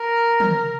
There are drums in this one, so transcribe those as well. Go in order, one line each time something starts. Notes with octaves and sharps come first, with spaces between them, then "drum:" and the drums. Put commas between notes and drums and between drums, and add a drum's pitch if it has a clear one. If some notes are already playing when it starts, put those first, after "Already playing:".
Already playing: A#4
drum: tom